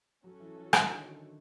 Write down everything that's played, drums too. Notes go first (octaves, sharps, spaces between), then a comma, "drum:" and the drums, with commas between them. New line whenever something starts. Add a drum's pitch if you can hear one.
F#3 C#4 F#4 A4
E3
E3
D#3, drum: rim click
D3